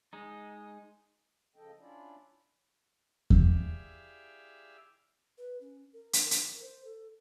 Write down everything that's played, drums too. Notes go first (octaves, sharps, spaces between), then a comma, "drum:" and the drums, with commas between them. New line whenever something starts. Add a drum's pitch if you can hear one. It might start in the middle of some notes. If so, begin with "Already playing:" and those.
G#3 D#4
C#3 F3 A4 D#5 G5
C#4 D4 E4 F4 D5
E4 G4 G#4 D5 E5 F5, drum: kick E2
B4
C#4
A#4
drum: hi-hat
A#4, drum: hi-hat
C5
A4